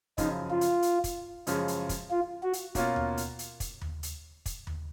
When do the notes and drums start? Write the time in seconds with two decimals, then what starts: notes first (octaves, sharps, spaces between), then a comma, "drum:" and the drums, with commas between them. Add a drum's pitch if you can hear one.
0.18 F#2 C#3 F3 D#4, drum: kick, hi-hat
0.51 F4
0.61 drum: hi-hat
0.82 drum: hi-hat
1.04 drum: kick, hi-hat
1.47 F#2 C#3 F3 G#3 C#4, drum: hi-hat
1.68 drum: hi-hat
1.89 drum: kick, hi-hat
2.11 F4
2.43 F#4
2.53 drum: hi-hat
2.75 B2 A#3 C#4 F4, drum: kick, hi-hat
2.96 drum: tom D#2
3.17 drum: hi-hat
3.39 drum: hi-hat
3.60 drum: kick, hi-hat
3.82 drum: tom D#2
4.03 drum: hi-hat
4.46 drum: kick, hi-hat
4.67 drum: tom D#2